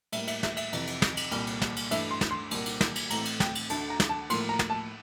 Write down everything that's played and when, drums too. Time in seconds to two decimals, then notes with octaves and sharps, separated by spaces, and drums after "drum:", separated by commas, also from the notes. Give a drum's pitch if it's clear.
0.12 A2 G3 A#3 E5, drum: cymbal
0.27 E5, drum: cymbal
0.43 E5, drum: snare
0.57 E5, drum: cymbal
0.73 F2 C3 E3, drum: cymbal
0.87 drum: cymbal
1.02 drum: snare
1.17 drum: cymbal
1.31 C2 A#2 G3, drum: cymbal
1.47 drum: cymbal
1.62 drum: snare
1.76 drum: cymbal
1.91 G2 E3 A3 E5, drum: cymbal
2.11 C6
2.21 drum: snare
2.31 C6
2.51 C2 A#2 G3 A#3, drum: cymbal
2.66 drum: cymbal
2.81 drum: snare
2.95 drum: cymbal
3.10 A2 E3 A3 C4 A#5, drum: cymbal
3.25 drum: cymbal
3.40 G5, drum: snare
3.55 drum: cymbal
3.70 D2 D3 A3 A5, drum: cymbal
3.90 A#5
4.00 drum: snare
4.09 A5
4.30 A2 F3 A#3 C6, drum: cymbal
4.49 A#5
4.59 drum: snare
4.70 A5